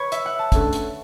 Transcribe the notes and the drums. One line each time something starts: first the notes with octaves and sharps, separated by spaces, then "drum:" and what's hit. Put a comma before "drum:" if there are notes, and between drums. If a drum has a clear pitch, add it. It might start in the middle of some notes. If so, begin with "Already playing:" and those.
Already playing: B4 C#5
E5, drum: hi-hat
F#5
A5
D3 A3 C#4, drum: kick, hi-hat
drum: hi-hat